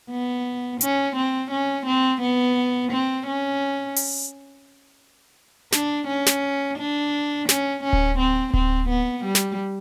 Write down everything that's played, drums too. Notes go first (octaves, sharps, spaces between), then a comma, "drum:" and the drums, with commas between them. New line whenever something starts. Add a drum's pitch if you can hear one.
B3
C#4, drum: hi-hat
C4
C#4
C4
B3
C4
C#4
drum: open hi-hat
D4, drum: snare
C#4
drum: snare
D4
C#4, drum: snare
C#4
drum: kick D1
C4
C4, drum: kick D1
B3
G3
drum: snare